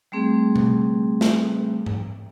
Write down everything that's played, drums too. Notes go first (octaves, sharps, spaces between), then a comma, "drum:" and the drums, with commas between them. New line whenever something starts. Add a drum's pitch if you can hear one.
G3 A3 C4 G#4
drum: tom B2
drum: snare
drum: tom G#2